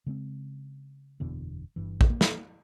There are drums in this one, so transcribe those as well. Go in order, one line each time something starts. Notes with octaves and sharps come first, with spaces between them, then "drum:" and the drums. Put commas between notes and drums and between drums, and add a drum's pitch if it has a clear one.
C#3 G#3 C4
F#1 E2 B2 D3
G1 G2 E3
drum: kick
A#3
drum: snare